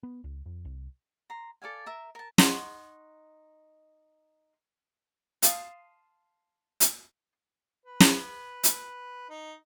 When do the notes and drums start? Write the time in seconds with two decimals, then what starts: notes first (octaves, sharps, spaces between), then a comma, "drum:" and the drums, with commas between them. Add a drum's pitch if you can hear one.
0.03 B3
0.24 C#2
0.46 F2
0.65 C2
1.30 A#5 C6
1.62 A4 D5 F5 G#5
1.86 A#4 E5
2.15 A#4 A5
2.38 D#4 F#5 C6 C#6, drum: snare
5.42 F5 A5 C6 D#6, drum: hi-hat
6.80 drum: hi-hat
7.86 B4
8.00 drum: snare
8.64 drum: hi-hat
9.30 D#4